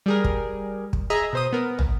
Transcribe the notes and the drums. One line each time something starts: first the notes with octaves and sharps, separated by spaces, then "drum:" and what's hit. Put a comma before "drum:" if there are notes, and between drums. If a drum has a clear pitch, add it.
G3 G#4 A#4
drum: kick
drum: kick
G#4 D#5 E5 A#5
B2 C5 D#6
B3 A#4
drum: tom